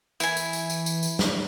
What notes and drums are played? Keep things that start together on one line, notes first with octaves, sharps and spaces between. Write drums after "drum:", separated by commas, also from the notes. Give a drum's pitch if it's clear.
E3 E4 G#5, drum: tambourine
drum: tambourine
drum: tambourine
drum: tambourine
drum: tambourine
drum: tambourine
drum: snare